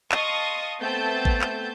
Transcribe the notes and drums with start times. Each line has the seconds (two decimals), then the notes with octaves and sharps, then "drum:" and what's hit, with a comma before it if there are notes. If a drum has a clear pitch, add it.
0.12 D#5 F5 A5 C6 C#6 D#6, drum: clap
0.81 A3 B3 C4 A5 G6 A6
1.25 drum: kick
1.42 drum: clap